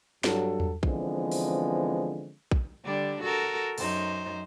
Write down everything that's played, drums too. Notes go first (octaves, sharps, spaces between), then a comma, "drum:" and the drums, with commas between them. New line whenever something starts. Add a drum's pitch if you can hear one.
G2 F#3 A4, drum: snare
drum: tom E2
D3 E3 F3 G#3 B3 C4, drum: kick A#1
drum: open hi-hat
drum: kick A#1
D3 G3 D4
F#4 A4 A#4
F#2 D#4 C5, drum: open hi-hat